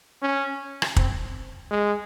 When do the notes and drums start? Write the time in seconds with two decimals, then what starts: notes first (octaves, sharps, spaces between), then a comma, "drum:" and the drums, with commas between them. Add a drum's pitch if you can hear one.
0.22 C#4
0.82 drum: rim click
0.96 C4, drum: kick
1.71 G#3